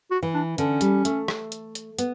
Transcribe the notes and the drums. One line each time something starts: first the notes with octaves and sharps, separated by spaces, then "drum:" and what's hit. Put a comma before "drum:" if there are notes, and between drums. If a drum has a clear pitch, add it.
F#4
E3
D4
D3 C#4, drum: hi-hat
G3, drum: hi-hat
A3, drum: hi-hat
drum: rim click
drum: hi-hat
drum: hi-hat
B3, drum: hi-hat